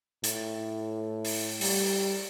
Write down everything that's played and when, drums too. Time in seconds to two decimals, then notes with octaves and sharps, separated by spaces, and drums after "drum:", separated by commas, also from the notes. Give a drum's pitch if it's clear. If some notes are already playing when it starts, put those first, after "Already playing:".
0.24 A2, drum: hi-hat
1.25 drum: open hi-hat
1.61 G3, drum: open hi-hat